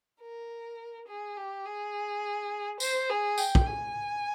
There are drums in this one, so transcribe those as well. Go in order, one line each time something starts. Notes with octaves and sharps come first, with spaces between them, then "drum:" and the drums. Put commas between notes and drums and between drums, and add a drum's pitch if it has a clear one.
A#4
G#4
G4
G#4
C5, drum: tambourine
G#4
G5, drum: tambourine
drum: kick
G#5